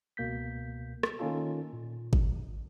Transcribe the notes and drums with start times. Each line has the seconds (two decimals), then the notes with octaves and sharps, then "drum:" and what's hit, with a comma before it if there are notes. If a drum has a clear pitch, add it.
0.17 C#2 B2 A#3 G6 B6
1.03 drum: rim click
1.19 D#3 A#3 C#4 D#4 F4 A4
1.73 A#2
2.13 drum: kick G#1